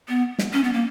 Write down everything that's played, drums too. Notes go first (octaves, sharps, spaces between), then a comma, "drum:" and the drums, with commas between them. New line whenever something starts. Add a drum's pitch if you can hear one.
B3
drum: snare
C#4
B3
A#3